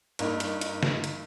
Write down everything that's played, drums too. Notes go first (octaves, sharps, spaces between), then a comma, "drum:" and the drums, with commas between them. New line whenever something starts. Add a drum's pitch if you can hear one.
G2 A#3 D#4, drum: hi-hat
drum: hi-hat
drum: hi-hat
drum: snare
drum: hi-hat